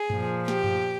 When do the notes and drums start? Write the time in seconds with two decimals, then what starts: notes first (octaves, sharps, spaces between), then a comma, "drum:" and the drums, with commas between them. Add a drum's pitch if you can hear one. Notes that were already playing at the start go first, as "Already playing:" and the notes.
Already playing: G#4
0.10 A#2 F3, drum: tom F#2
0.48 G4, drum: snare
0.64 drum: tom F#2